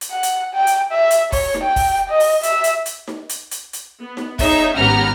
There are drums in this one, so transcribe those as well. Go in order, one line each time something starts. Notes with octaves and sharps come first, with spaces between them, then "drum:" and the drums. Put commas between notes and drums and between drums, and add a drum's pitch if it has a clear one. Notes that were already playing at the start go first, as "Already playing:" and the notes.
drum: hi-hat
F#5
drum: hi-hat
G5
drum: hi-hat
E5
drum: hi-hat
C#5, drum: kick, open hi-hat
drum: snare D#4
G5
drum: kick, open hi-hat
D#5
drum: open hi-hat
E5, drum: hi-hat
drum: hi-hat
drum: hi-hat
drum: snare D#4
drum: hi-hat
drum: hi-hat
drum: hi-hat
B3
drum: snare D#4
D#4 G#4 C#5 E5, drum: kick, open hi-hat
G#1 B3 C#4 G4 A#5 F6